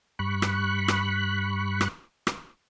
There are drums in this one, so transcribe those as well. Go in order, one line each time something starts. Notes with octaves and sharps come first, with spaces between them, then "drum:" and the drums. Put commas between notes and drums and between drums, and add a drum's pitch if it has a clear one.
G2 B5 C#6 F#6
drum: rim click
drum: rim click
drum: rim click
drum: rim click